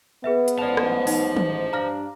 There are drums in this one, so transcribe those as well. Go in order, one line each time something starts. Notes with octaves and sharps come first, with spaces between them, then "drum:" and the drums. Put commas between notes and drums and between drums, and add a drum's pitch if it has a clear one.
B3 G#4 B4 E5
drum: hi-hat
A1 G#2 C5 D5 A5 F7
drum: rim click
D#4, drum: open hi-hat
drum: tom
G2 D4 F5 A#5 F6 A#6